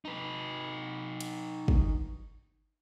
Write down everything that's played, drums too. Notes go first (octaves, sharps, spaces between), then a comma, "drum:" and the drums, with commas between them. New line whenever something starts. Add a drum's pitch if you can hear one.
D#4 B4
drum: cymbal
drum: kick